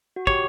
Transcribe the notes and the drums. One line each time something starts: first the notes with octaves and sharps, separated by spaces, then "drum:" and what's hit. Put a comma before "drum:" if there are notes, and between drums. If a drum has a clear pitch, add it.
F#4
G4 C#5, drum: kick